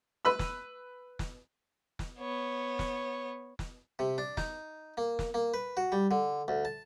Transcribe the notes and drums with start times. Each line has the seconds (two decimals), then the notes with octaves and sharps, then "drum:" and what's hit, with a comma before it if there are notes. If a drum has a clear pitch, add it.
0.25 B4 B5 E6
0.39 drum: snare
1.19 drum: snare
1.99 drum: snare
2.19 B3 C#5
2.79 drum: snare
3.59 drum: snare
3.99 C3
4.18 D4
4.37 D#4, drum: snare
4.97 A#3
5.19 drum: snare
5.34 A#3
5.54 B4
5.77 F#4
5.92 G3
6.11 D3
6.48 D2
6.65 A5